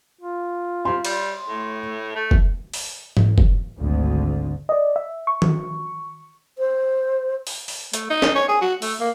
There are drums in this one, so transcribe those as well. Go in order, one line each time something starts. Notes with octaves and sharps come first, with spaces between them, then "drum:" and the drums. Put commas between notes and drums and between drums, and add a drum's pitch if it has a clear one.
F4
C3 C6
G3, drum: cymbal
A2 A3
A3
drum: kick
drum: open hi-hat
drum: tom G#2
drum: kick
G#1 D2 D3
D5 D#5
E5
C#6
drum: tom D#3
C5
drum: open hi-hat
drum: open hi-hat
A3, drum: hi-hat
D#4
drum: snare
C#5
G#4
F#4
A3, drum: open hi-hat
A#3